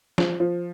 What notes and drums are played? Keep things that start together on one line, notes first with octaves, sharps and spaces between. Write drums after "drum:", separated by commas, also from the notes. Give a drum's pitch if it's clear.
F3, drum: snare
F3